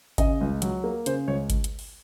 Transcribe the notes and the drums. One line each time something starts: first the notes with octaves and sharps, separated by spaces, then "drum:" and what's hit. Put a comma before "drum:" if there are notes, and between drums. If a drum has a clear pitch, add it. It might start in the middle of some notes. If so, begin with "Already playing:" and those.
C#3 D#5, drum: kick G#1, hi-hat
C#2
F#3, drum: hi-hat
A#3
C#3 C5, drum: hi-hat
C#2 C#5
drum: kick G#1, hi-hat
drum: hi-hat
drum: open hi-hat